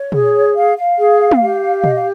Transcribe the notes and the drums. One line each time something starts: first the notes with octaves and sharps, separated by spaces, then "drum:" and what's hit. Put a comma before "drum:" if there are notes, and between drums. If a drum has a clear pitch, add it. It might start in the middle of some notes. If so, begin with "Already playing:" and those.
Already playing: C#5
G#4, drum: tom
F5
F5
G#4
drum: tom
G4
D#5, drum: tom
F5